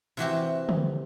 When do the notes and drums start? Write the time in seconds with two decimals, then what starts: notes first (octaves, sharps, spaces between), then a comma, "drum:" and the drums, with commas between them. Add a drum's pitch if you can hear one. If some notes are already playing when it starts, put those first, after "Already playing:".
0.17 C3 E3 F#4 G4
0.69 drum: tom D3